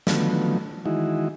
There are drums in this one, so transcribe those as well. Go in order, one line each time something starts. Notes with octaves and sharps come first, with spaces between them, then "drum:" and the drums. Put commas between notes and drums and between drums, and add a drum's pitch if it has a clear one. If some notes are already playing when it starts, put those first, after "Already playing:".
D3 D#3 F3 F#3 A3 B3, drum: snare
D#3 E3 G#3 D#4 E4 F#4